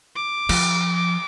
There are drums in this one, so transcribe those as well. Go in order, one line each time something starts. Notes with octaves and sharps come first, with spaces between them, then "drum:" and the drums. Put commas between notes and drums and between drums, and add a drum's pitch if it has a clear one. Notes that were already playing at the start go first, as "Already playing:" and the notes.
D6
F3, drum: cymbal
D6